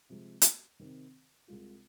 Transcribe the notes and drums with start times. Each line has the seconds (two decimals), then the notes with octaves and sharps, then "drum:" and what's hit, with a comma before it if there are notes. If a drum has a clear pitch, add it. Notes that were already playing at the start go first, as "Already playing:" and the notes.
0.09 C3 F3 G#3 C4
0.42 drum: hi-hat
0.79 C3 D#3 C4
1.48 C2 C3 G#3 F4